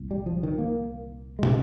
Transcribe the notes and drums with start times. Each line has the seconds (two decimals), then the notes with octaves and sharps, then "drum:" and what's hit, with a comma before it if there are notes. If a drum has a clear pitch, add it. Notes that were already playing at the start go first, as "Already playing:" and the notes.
Already playing: C2 A#2
0.11 G3
0.26 F3
0.43 D#3
0.58 A#3
1.39 G#3
1.43 C#3, drum: tom